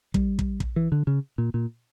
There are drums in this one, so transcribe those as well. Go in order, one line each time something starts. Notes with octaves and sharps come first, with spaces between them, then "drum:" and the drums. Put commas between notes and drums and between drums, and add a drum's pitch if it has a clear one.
G3, drum: kick
drum: kick
drum: kick
E3
D3
C#3
A#2
A#2